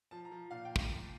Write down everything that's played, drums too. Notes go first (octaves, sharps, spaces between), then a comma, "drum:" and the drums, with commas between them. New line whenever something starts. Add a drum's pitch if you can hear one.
F3 A5
A#5
F3
A#2 F5
G5
drum: kick